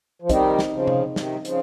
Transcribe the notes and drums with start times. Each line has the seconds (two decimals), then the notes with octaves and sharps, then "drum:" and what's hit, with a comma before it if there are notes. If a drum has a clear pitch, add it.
0.22 F3
0.29 D#3 G3 C4 D#4 G4 C5 D#5, drum: kick, hi-hat
0.59 drum: snare
0.73 C#3 F3
0.88 drum: tom C3
1.16 C3 D#3, drum: snare
1.45 C#3 F3, drum: hi-hat